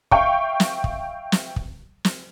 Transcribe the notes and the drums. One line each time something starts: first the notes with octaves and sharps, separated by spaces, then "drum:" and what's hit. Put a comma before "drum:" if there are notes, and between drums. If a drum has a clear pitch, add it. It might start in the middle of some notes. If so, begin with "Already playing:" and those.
E5 F5 G5 C#6, drum: kick
drum: snare
drum: kick
drum: snare
drum: kick
drum: snare